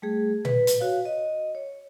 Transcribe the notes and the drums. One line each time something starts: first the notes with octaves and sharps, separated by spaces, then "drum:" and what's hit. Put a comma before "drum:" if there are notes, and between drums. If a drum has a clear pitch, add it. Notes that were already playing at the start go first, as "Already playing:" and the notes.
G3 A3 G#4
B4, drum: tom A#2
drum: hi-hat
F#4 C#5 F5
D#5
C#5